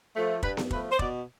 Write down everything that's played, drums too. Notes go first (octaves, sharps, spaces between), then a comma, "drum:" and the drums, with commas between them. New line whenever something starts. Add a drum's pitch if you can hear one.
F3 A3
G2 B4, drum: kick
drum: snare B3
F3 A3 B4, drum: kick
C5
B2 D5, drum: kick